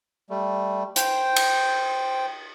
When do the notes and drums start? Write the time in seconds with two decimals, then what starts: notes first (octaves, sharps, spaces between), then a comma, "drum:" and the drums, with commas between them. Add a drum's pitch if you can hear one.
0.30 G3 A3
0.96 C5 G5, drum: hi-hat
1.36 drum: cymbal